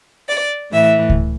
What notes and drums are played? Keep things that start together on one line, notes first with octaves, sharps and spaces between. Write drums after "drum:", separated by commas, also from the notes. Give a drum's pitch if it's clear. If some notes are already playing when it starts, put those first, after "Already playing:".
D5
A2 E3 E5
drum: kick C#2